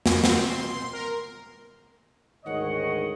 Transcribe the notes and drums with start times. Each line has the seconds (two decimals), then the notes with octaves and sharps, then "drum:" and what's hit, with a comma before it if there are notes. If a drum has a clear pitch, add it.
0.06 F2, drum: snare
0.24 C4, drum: snare
0.49 C6
0.93 A#4
2.45 D2 G#2 D#3 C#5 D#5 F#5